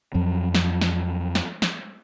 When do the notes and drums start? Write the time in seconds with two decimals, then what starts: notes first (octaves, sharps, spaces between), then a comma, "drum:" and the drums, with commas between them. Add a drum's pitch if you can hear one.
0.14 F2 F3 F#3
0.55 drum: snare
0.81 drum: snare
1.35 drum: snare
1.62 drum: snare